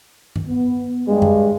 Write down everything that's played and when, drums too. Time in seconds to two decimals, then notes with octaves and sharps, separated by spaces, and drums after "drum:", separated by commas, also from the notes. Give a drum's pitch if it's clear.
0.36 drum: tom G2
0.48 B3
1.08 G2 G#3
1.22 drum: tom F#2